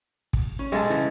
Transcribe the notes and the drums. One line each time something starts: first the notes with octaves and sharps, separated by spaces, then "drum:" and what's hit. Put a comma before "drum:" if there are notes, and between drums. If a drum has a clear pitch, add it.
drum: kick
C#4
B1 G#3 A4 A5
C#3 E3